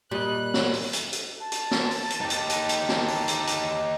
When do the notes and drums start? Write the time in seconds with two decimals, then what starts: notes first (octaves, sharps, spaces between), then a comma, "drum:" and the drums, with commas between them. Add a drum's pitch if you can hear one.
0.11 A#2 G3 D#5 F#6
0.54 drum: snare
0.73 drum: open hi-hat
0.93 drum: hi-hat
1.13 drum: hi-hat
1.40 A5
1.52 drum: hi-hat
1.71 drum: snare
1.91 drum: open hi-hat
2.10 drum: hi-hat
2.21 D#4 G4
2.30 drum: hi-hat
2.50 drum: hi-hat
2.69 drum: hi-hat
2.89 A5, drum: snare
3.08 drum: open hi-hat
3.28 drum: hi-hat
3.47 drum: hi-hat